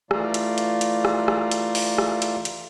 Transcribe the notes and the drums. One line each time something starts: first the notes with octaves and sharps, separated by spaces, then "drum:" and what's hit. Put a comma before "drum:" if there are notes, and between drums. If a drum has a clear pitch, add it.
E3 A3 F4 D5 F5 A#5, drum: rim click
drum: hi-hat
drum: hi-hat
drum: hi-hat
drum: rim click
drum: rim click
drum: hi-hat
drum: open hi-hat
drum: rim click
drum: hi-hat
drum: hi-hat